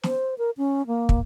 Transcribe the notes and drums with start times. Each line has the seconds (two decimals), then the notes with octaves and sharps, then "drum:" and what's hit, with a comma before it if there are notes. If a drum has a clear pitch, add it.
0.03 C5, drum: snare
0.38 A#4
0.57 C#4
0.87 A#3
1.09 drum: kick